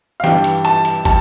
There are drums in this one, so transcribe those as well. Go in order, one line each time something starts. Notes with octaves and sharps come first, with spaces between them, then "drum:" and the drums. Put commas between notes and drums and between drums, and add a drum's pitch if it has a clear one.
F5
G2 E3 G3 G5, drum: snare
drum: hi-hat
A5, drum: hi-hat
drum: hi-hat
G3 A5, drum: kick, hi-hat